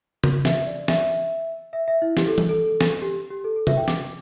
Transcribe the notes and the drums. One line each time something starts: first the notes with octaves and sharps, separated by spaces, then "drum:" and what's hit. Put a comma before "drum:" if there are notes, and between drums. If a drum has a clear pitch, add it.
drum: tom C#3
E5, drum: snare
D5
E5, drum: snare
E5
E5
E4
G4, drum: snare
A4
drum: tom E3
A4
drum: snare
G4
G4
A4
A4
E5, drum: tom C3
G5
D6, drum: snare